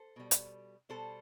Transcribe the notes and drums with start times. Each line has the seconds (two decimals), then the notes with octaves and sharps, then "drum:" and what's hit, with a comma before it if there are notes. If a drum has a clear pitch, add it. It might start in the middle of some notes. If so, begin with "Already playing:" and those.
Already playing: A4 C5
0.16 B2 G3
0.31 drum: hi-hat
0.89 B2 G3 A4 C5